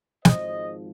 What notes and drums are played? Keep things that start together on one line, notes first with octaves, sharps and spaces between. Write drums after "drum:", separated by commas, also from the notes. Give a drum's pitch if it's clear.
G#1 G#2 F3 C5 D#5, drum: snare